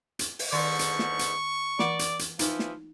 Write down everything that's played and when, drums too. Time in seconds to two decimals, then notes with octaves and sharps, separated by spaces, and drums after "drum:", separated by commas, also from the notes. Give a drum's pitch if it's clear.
0.19 drum: hi-hat
0.39 drum: open hi-hat
0.52 E2 G#2 D3 D#3 D5 C6 C#6
0.79 drum: hi-hat
0.99 drum: snare
1.19 drum: hi-hat
1.79 E3 D5 F#5, drum: snare
1.99 drum: hi-hat
2.19 drum: hi-hat
2.39 E3 F3 D#4, drum: hi-hat
2.59 drum: snare